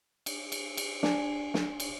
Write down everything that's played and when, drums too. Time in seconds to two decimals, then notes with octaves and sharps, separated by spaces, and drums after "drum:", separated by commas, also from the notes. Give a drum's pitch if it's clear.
0.26 drum: cymbal
0.52 drum: cymbal
0.77 drum: cymbal
1.03 D4 G#5, drum: snare
1.54 drum: snare
1.80 drum: cymbal